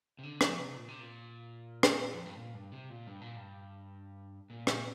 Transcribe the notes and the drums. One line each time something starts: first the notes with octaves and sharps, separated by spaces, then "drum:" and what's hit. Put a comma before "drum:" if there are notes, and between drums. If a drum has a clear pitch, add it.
C3
D3
F3, drum: rim click
C3
A#2
C3
A#2
drum: rim click
F2
G2
A#2
G2
C3
A#2
G2
A#2
G2
A#2
A#2, drum: rim click